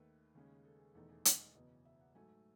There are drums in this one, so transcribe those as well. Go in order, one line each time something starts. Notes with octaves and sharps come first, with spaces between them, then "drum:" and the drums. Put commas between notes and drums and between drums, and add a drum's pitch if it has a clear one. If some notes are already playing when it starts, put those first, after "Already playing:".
Already playing: D#2 D#3 A3 B4
D#2 C#3 G#3 C#4
A4
G#4
E1 E2 D#3 A3 D#4 A4
G#4
A4, drum: hi-hat
D#5
F#1 E2 B2 D#5
E5
F#5
G#2 F#3 A3 G#5